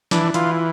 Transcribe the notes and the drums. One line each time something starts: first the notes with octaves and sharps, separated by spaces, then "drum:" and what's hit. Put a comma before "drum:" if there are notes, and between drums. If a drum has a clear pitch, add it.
E3 D4, drum: snare
E3 F4, drum: hi-hat